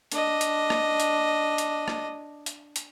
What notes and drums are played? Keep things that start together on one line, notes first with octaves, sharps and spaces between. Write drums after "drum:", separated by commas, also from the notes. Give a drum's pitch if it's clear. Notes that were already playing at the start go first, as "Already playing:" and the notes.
D4 D#5, drum: hi-hat
drum: hi-hat
drum: rim click
drum: hi-hat
drum: hi-hat
drum: rim click
drum: hi-hat
drum: hi-hat